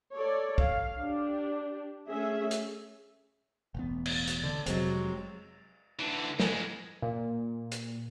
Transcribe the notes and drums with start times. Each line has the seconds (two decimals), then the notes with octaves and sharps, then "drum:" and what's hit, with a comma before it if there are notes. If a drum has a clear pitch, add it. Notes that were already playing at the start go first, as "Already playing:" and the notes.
0.13 A4 C#5 D5
0.58 F5, drum: kick
1.00 D4 G4
2.08 A3 C#4 G#4 E5
2.51 drum: hi-hat
3.75 E1 A1 B3
4.06 drum: cymbal
4.27 drum: hi-hat
4.44 D3
4.66 F1 C3 F#3 G#3 C4, drum: hi-hat
5.99 D3 E3
6.40 F2 G#3, drum: snare
7.02 A#2
7.72 drum: hi-hat